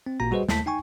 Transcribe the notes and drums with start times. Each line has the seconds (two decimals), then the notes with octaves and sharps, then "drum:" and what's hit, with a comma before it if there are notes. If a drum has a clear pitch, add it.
0.06 C4
0.20 A1 A#2 A#3 F#4 A#5 A#6
0.31 G3 F#4 G#4 B4 C5 D#5
0.49 D#2 A3 A5 B6, drum: snare
0.66 D#4 G5 G#5 C#6